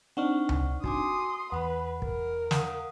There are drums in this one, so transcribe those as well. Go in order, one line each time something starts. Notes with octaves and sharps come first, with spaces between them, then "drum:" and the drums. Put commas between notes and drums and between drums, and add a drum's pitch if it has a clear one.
C4 D4 D#4 F#5 C#6 F6
drum: tom C#2
F#4 G#5 C6 D6 D#6, drum: kick
E2 B4 F#5 B5
A#4, drum: kick
F5 F#5 D#6, drum: snare